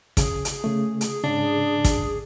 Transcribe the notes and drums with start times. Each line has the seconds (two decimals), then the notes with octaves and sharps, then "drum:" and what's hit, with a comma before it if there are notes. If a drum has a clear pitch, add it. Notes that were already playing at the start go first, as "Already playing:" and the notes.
0.17 C#3 G#4, drum: kick, hi-hat
0.45 drum: hi-hat
0.64 C#3 A3
1.01 drum: hi-hat
1.24 G#2 C#3 D4
1.85 drum: kick, hi-hat